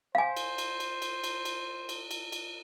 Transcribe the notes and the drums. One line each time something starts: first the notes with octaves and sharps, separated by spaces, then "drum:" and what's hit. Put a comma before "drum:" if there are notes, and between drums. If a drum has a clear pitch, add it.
C5 F5 G#5
drum: cymbal
drum: cymbal
drum: cymbal
drum: cymbal
drum: cymbal
drum: cymbal
drum: cymbal
drum: cymbal
drum: cymbal